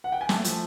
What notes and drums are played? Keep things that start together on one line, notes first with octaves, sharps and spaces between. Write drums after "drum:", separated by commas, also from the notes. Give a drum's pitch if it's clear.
F#5
G5
G#5
A3 A5, drum: snare
F3, drum: hi-hat